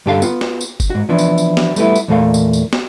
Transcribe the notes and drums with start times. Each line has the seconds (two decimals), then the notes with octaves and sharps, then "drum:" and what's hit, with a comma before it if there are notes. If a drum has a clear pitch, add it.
0.06 G2 D3 G4 A4 A#4 F5
0.22 B3 F4, drum: tambourine
0.41 drum: snare
0.61 drum: tambourine
0.80 drum: kick F#1, tambourine
0.90 G#2 F#4
1.09 E3 F3 B3 D4 E4
1.18 drum: tambourine
1.38 drum: tambourine
1.57 drum: snare
1.76 G3 A3 B3 E4, drum: tambourine
1.96 drum: tambourine
2.08 E2 A#2 A3 A#3 F5
2.34 drum: tambourine
2.53 drum: tambourine
2.73 drum: snare